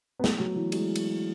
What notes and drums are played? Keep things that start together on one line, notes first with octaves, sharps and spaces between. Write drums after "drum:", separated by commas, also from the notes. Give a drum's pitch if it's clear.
B3
A3, drum: snare
F#3
E3
G#3, drum: cymbal
drum: cymbal